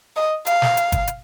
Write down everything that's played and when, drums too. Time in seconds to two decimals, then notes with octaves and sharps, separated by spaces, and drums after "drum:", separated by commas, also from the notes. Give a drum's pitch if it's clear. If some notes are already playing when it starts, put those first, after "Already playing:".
0.16 D#5
0.47 F5, drum: hi-hat
0.62 drum: snare
0.77 drum: hi-hat
0.92 drum: kick G1, hi-hat
1.07 drum: hi-hat